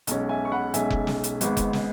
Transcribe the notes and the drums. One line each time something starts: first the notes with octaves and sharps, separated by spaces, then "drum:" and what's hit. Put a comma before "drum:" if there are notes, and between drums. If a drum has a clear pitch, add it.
B1 B2 G#3 C#4, drum: hi-hat
E5 G#5
C#6
F#5 B5
B1 B2 G#3 C#4 E5 G#5, drum: hi-hat
drum: kick F1
drum: snare
drum: hi-hat
G#1 G#2 G#3 B3, drum: hi-hat
drum: kick F1, hi-hat
drum: snare